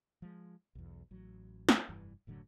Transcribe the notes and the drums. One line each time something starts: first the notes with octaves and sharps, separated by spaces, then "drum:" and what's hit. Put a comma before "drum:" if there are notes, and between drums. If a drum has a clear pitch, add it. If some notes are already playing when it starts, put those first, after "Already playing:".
F3 G#3
B1 E2
A1 F#3
drum: snare
F1 G2 E3
F#1 A2 D3 F#3